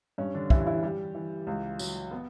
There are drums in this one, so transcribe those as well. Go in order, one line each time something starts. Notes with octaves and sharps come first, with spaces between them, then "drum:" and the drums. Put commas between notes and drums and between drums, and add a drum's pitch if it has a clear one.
G2 C#4
D3 D4
E3 G3 E4, drum: kick
E3 E4
G3 G4
E3
C#2
F#3, drum: tambourine
B3